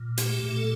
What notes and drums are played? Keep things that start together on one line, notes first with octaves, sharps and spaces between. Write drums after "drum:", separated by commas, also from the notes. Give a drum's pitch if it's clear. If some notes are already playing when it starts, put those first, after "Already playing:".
Already playing: A#2
A3 G4, drum: hi-hat
A#2
A4